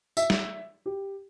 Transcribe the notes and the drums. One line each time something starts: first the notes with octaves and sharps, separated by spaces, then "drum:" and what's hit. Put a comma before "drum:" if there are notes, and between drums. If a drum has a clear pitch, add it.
E5, drum: tambourine
drum: snare
G4